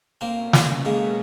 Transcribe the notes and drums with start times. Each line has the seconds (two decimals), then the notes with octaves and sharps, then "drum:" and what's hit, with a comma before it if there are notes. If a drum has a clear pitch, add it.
0.21 B2 F#3 A3 A#3 C4 C#4
0.53 drum: snare
0.85 G#3 A#3